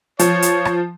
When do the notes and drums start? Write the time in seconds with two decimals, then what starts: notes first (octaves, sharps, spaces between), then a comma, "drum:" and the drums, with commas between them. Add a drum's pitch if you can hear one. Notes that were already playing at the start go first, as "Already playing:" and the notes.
0.19 F3 C#5, drum: hi-hat
0.42 drum: hi-hat
0.65 drum: rim click